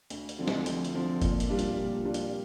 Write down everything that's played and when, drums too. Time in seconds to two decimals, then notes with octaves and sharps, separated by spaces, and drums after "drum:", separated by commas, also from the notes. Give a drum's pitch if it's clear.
0.10 D2, drum: hi-hat
0.29 drum: hi-hat
0.38 D3 F3 C4
0.47 drum: snare
0.66 D2, drum: hi-hat
0.85 drum: hi-hat
0.94 D3 F3 C4
1.22 A#2, drum: kick G1, hi-hat
1.40 drum: hi-hat
1.49 G3 D4 F4
1.59 drum: hi-hat
1.77 A#2
2.05 G3 D4 F4
2.14 drum: hi-hat